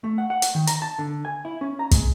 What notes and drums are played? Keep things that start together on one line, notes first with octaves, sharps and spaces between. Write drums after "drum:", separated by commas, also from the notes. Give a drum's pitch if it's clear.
A3
F#5
F#5
drum: hi-hat
D#3
A#5, drum: hi-hat
A5
D3
G#5
E4
C#4
A#5
G#3, drum: kick, hi-hat